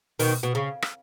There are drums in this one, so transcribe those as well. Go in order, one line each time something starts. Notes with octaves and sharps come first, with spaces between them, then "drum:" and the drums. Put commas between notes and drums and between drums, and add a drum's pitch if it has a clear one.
B2 D#3, drum: open hi-hat
B2
C#3
drum: rim click